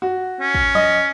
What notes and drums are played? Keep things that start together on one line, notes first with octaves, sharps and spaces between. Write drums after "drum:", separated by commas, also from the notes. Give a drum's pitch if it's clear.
F#4
C#4
drum: kick
D#5, drum: tom F3